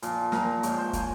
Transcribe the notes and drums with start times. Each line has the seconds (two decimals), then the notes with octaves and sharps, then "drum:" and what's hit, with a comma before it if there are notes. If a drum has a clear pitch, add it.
0.02 A#2 F3, drum: hi-hat
0.32 A#2 F3 A#4, drum: snare
0.63 G#2 F3 C#5, drum: hi-hat
0.78 C5
0.93 F3 G#5, drum: kick, hi-hat